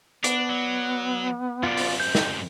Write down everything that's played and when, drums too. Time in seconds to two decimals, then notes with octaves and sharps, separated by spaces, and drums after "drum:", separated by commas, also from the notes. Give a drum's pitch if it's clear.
0.24 B3 D4 D5, drum: hi-hat
0.50 F#3
1.63 F#2 C3 F4 D5
1.77 drum: open hi-hat
2.00 G6
2.15 drum: snare